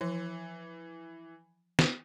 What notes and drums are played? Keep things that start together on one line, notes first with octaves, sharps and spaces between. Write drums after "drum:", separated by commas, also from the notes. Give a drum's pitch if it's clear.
E3 F3
drum: snare